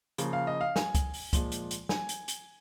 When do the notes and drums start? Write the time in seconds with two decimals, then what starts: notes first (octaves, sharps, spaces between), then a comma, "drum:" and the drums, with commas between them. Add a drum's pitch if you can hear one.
0.18 C#3 F3 A#3, drum: hi-hat
0.33 F5
0.47 D#5
0.61 F5
0.76 G#5, drum: snare
0.95 drum: kick, hi-hat
1.14 drum: open hi-hat
1.33 A#2 F3 G#3, drum: kick, hi-hat
1.52 drum: hi-hat
1.71 drum: hi-hat
1.89 G#5, drum: snare
2.09 drum: hi-hat
2.28 drum: hi-hat